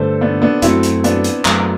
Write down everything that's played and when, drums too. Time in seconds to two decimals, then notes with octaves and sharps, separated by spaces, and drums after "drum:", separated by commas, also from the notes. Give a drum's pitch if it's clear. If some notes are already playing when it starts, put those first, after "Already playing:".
Already playing: G2 D3 A3 A4 C5
0.21 B3 D4
0.42 B3 D4
0.62 F#2 F#3 A3 C4 E4, drum: hi-hat
0.83 drum: hi-hat
1.04 B3 D4, drum: hi-hat
1.24 drum: hi-hat
1.45 F#2 F#3 A3, drum: clap